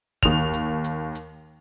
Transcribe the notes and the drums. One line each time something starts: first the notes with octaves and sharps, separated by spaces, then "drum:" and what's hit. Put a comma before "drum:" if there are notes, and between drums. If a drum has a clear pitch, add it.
D#2 F7, drum: kick, hi-hat
drum: hi-hat
drum: hi-hat
drum: hi-hat